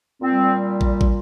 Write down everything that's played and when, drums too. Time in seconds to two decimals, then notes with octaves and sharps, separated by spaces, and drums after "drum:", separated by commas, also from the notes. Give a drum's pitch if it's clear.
0.20 A#2 G3 C4
0.81 drum: kick
1.01 drum: kick